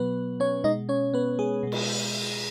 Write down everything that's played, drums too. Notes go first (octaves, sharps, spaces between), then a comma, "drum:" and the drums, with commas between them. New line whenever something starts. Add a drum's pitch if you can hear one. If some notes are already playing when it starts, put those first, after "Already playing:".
Already playing: B2 F#3 B3 B4
C#4 C#5
B2 G#3 D#4 D#5
C#4 C#5
B3 B4
G#3 G#4
B2 G#3
drum: cymbal